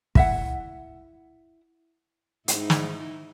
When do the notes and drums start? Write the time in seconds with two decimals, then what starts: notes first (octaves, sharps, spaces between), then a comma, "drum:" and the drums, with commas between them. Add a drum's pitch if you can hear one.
0.15 E4 E5 F#5, drum: kick
2.48 G#2 D#4 E4, drum: hi-hat
2.70 drum: snare